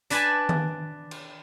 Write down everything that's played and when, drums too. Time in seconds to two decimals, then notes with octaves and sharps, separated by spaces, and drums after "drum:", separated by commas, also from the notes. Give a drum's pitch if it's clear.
0.10 D4 B4 D5 G#5 A5 B5, drum: hi-hat
0.49 drum: tom D#3
1.11 drum: cymbal